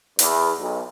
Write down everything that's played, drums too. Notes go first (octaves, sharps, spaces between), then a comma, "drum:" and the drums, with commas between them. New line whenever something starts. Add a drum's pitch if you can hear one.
E2, drum: hi-hat
B1